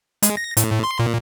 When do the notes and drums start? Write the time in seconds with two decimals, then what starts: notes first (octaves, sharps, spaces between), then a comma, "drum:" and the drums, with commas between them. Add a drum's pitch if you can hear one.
0.23 G#3, drum: hi-hat
0.37 A#6
0.57 A2, drum: hi-hat
0.72 A2
0.84 C6
0.99 A#2